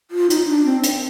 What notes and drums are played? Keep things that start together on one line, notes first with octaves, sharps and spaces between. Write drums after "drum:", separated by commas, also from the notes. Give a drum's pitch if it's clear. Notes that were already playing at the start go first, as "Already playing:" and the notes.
F4
D#4, drum: hi-hat
D4
C4
C4, drum: hi-hat